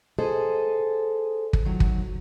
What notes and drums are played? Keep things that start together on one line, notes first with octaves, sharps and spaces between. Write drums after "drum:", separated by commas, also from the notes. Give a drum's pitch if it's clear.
G#4 A4 C5 D#5
drum: kick
D#3 F#3
drum: kick